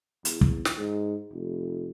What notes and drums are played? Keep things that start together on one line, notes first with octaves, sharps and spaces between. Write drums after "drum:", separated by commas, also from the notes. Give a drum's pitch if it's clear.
E2, drum: hi-hat
drum: kick
drum: snare
G#2
F1